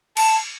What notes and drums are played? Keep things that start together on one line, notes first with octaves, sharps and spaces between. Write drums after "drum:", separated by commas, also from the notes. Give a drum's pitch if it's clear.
A5, drum: cymbal